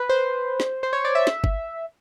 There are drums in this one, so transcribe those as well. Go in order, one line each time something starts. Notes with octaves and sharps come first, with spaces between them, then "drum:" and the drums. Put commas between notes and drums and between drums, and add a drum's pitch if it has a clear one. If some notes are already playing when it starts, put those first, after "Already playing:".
Already playing: B4
C5
drum: snare
C5
C#5
D5
E5
drum: snare
drum: kick